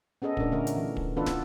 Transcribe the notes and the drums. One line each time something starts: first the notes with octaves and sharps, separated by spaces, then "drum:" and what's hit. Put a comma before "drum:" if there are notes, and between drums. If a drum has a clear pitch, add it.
B3 C#4 G#4 A4 D#5
A#2 A3 C#4 D4 A#4, drum: kick
D3 A3 C#4 A#4
drum: hi-hat
E3
drum: kick
E3 B3 D4 F4 A4 B4
drum: snare